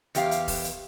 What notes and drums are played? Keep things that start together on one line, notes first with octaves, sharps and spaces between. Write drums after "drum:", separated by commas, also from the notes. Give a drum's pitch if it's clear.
E2 G4 F5, drum: hi-hat
drum: hi-hat
drum: kick E1, open hi-hat
drum: hi-hat